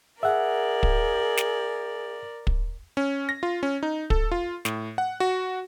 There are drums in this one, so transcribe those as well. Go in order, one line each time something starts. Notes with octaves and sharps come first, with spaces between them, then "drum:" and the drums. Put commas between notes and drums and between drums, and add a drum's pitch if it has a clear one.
G#4 A#4 D5 E5 F#5
drum: kick
drum: snare
drum: kick
C#4
A#6
F4
C#4
D#4
A4, drum: kick
F4
A2, drum: snare
F#5
F#4